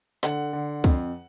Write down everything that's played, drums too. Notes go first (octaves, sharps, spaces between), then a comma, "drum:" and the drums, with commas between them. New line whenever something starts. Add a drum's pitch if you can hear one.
D3 F#5, drum: snare
D3
F2, drum: kick, open hi-hat